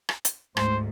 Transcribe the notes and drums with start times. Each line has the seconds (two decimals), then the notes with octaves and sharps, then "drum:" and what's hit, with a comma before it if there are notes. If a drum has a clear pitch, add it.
0.09 drum: rim click
0.25 drum: hi-hat
0.57 D2 G#2 C5, drum: rim click